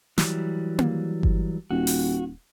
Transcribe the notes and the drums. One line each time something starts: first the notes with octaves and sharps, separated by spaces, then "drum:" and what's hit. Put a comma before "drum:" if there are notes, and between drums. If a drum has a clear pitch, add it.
E3 F#3 G3, drum: snare
drum: tom A#3
drum: kick G1
D#1 F#4
drum: open hi-hat